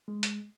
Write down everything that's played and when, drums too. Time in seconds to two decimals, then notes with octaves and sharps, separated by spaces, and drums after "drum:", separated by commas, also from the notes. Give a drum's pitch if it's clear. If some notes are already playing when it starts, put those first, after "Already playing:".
0.08 G#3
0.23 drum: hi-hat